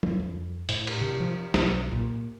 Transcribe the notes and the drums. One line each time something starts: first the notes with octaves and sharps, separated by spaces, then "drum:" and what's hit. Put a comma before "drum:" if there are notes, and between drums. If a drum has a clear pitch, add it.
drum: tom
F2
A2, drum: hi-hat
drum: cymbal
C3
F3
B1, drum: snare
A#2